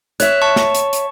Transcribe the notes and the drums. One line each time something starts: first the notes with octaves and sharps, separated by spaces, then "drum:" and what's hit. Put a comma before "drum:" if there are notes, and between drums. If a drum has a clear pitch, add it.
C#5 E5 F#6, drum: hi-hat
A5 C#6
drum: snare
drum: hi-hat
drum: hi-hat